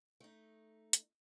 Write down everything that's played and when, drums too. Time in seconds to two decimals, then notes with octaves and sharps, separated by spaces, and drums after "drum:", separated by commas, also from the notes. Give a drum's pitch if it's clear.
0.20 A3 D#4
0.93 drum: hi-hat